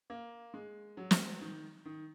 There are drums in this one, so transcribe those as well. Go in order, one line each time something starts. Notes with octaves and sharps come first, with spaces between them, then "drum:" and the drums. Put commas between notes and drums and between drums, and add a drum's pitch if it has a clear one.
A#3
G#3
F#3
drum: snare
D#3
D#3